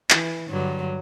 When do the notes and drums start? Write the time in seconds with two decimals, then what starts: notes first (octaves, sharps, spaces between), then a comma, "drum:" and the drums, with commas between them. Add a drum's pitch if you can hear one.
0.10 E3, drum: clap
0.50 G2 D3 F#3